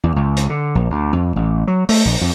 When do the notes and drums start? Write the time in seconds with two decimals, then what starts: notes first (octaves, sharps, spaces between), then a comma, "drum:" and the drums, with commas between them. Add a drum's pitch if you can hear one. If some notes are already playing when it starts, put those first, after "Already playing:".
0.04 E2
0.16 C#2
0.37 drum: hi-hat
0.50 D3
0.75 A#1
0.90 D2
1.13 F2
1.36 A1
1.68 F#3
1.89 A3, drum: open hi-hat
2.05 A#1
2.21 F2